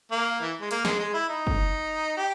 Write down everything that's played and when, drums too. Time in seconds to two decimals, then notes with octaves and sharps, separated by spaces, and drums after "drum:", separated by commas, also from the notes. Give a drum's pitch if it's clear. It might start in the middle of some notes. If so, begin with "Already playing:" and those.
0.11 A#3
0.41 E3
0.61 G#3
0.71 A#3, drum: hi-hat
0.85 G#3, drum: snare
0.99 G#3
1.14 E4
1.29 D#4
1.47 drum: kick
2.17 G4